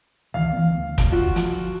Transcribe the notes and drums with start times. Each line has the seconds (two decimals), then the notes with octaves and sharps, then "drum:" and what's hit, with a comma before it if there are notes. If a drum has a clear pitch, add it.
0.34 C#2 D#3 E3 F5
0.53 E3 B3
0.71 D2
0.98 drum: kick, hi-hat
1.12 F4 F#4
1.36 F3, drum: hi-hat